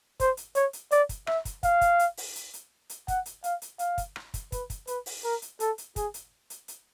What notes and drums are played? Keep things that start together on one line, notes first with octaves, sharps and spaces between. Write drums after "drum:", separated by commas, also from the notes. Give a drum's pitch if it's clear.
C5, drum: kick, hi-hat
drum: hi-hat
C#5, drum: hi-hat
drum: hi-hat
D5, drum: hi-hat
drum: kick, hi-hat
E5, drum: rim click
drum: kick, hi-hat
F5, drum: kick, hi-hat
drum: kick, hi-hat
drum: hi-hat
drum: open hi-hat
drum: hi-hat
drum: hi-hat
drum: hi-hat
F#5, drum: kick, hi-hat
drum: hi-hat
F5, drum: hi-hat
drum: hi-hat
F5, drum: hi-hat
drum: kick, hi-hat
drum: rim click
drum: kick, hi-hat
B4, drum: kick, hi-hat
drum: kick, hi-hat
B4, drum: hi-hat
drum: open hi-hat
A#4
drum: hi-hat
A4, drum: hi-hat
drum: hi-hat
G#4, drum: kick, hi-hat
drum: hi-hat
drum: hi-hat
drum: hi-hat